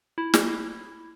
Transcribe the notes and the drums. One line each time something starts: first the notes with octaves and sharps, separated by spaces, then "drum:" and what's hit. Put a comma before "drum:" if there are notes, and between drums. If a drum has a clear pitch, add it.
E4
drum: snare